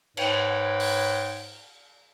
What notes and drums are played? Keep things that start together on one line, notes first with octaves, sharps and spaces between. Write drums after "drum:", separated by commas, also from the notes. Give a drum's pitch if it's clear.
G#2 B4 C#5 G5, drum: cymbal
drum: open hi-hat